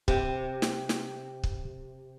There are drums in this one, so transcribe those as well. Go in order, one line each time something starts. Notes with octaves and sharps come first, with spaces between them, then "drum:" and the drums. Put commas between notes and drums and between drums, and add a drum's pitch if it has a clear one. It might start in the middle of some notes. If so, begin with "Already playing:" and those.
C3 G4 G5, drum: kick
drum: snare
drum: snare
drum: kick